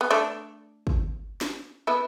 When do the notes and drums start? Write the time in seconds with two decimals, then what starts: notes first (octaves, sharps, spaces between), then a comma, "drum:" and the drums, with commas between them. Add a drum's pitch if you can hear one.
0.01 B3
0.10 A3 D4
0.87 drum: kick
1.41 drum: snare
1.87 B3 E4